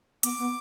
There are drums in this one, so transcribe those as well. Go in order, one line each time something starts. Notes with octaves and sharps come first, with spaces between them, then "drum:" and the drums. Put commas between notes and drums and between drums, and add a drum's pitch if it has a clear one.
B3 D6, drum: hi-hat
B3